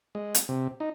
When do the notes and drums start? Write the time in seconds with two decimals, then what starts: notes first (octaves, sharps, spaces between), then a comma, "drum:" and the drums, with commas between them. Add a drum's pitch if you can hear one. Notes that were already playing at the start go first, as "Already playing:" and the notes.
0.15 G#3
0.35 drum: hi-hat
0.49 C3
0.80 D#4